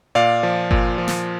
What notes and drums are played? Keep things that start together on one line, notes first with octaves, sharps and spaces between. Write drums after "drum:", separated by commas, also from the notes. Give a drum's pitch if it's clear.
A#2 D5 F5
F3
A#2, drum: kick G1
F3
drum: snare